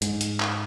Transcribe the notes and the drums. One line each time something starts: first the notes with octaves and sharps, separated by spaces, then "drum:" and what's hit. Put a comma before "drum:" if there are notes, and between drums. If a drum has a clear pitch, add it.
G#2, drum: hi-hat
drum: hi-hat
drum: clap